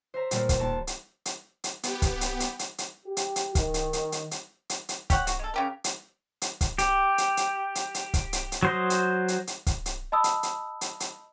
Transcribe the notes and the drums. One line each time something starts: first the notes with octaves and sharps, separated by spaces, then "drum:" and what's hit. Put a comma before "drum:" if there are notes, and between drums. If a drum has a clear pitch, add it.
C5 E5 A#5
A#2 G3 A3 A#3 F4, drum: hi-hat
drum: kick, hi-hat
D#2 A#3 A5 C#6
drum: hi-hat
drum: hi-hat
drum: hi-hat
B3 G4, drum: hi-hat
drum: kick, hi-hat
drum: hi-hat
drum: hi-hat
drum: hi-hat
drum: hi-hat
G4
drum: hi-hat
drum: hi-hat
D#3, drum: kick, hi-hat
drum: hi-hat
drum: hi-hat
drum: hi-hat
drum: hi-hat
drum: hi-hat
drum: hi-hat
G4 C#5 F#5, drum: kick, hi-hat
F#4, drum: hi-hat
G#3 A4
C#3 G4 A#4
drum: hi-hat
drum: hi-hat
drum: kick, hi-hat
G4, drum: hi-hat
drum: hi-hat
drum: hi-hat
drum: hi-hat
drum: hi-hat
drum: kick, hi-hat
drum: hi-hat
drum: hi-hat
F#3 C5 D#5
drum: hi-hat
drum: hi-hat
drum: hi-hat
drum: kick, hi-hat
drum: hi-hat
D#5 A5 B5 D#6 E6
drum: hi-hat
drum: hi-hat
drum: hi-hat
drum: hi-hat